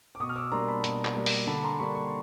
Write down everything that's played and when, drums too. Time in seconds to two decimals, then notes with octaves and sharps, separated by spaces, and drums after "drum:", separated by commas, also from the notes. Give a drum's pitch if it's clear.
0.15 D6
0.20 B2 C#6 D#6
0.29 F6
0.36 D6 E6
0.52 G3 A#3 D4 A#5 C6
0.68 A5 B5
0.84 B2, drum: hi-hat
1.05 drum: clap
1.16 G3 A#3 D4
1.26 drum: open hi-hat
1.47 D3 A5 B5
1.63 A#5 C6
1.79 G3 A#3 D4 B5 C#6
1.95 C#6
2.04 C6